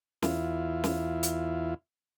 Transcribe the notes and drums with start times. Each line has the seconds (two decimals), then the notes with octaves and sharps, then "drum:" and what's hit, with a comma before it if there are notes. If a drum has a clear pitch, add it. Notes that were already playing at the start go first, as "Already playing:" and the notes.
0.22 E2 E4 F4, drum: snare
0.84 drum: snare
1.23 drum: hi-hat